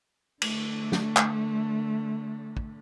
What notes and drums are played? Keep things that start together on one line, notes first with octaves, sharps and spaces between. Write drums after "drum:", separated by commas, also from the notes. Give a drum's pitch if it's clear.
D3 A3, drum: cymbal
drum: snare
drum: clap
drum: kick